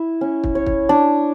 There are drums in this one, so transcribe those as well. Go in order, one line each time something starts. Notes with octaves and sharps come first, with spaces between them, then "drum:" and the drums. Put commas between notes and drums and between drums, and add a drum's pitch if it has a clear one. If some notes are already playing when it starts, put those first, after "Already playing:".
Already playing: E4
C#4
drum: kick
C#5
drum: kick
D4